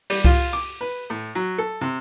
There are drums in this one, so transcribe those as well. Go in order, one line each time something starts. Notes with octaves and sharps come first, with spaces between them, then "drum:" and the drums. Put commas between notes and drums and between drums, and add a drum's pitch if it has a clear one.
G3, drum: open hi-hat
F4, drum: kick C2
D6
B4
A2
F#3
A4
C3